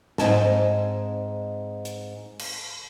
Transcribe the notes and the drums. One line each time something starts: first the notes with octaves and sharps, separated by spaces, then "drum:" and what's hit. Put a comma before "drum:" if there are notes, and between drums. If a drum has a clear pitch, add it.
G#2 C4 D#5 G#5 A5, drum: snare
drum: hi-hat
drum: cymbal